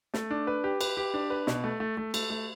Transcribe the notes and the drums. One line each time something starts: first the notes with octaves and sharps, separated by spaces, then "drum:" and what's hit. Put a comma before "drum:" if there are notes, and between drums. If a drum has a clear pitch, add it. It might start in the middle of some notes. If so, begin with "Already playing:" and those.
A3, drum: snare
D4
B4
G4
B4, drum: cymbal
G4
D4
B4
B2, drum: snare
A3
A3
A3
A3, drum: cymbal
A3